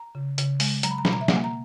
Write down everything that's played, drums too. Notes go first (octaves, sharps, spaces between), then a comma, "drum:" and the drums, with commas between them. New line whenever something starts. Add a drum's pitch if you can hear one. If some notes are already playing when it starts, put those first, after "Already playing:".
Already playing: A#5
C#3
C#3, drum: hi-hat
G#3, drum: open hi-hat
F#3 A#5, drum: hi-hat
B5
A#5
B2 B5, drum: snare
A#5
E5
A#3 F#5, drum: snare
G#5
A#5